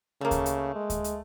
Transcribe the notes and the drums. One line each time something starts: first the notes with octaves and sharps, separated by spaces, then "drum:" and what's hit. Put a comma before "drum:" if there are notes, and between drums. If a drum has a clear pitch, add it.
C#3 A3 A#3
drum: kick D2, hi-hat
drum: hi-hat
G#3
drum: kick D2, hi-hat
drum: hi-hat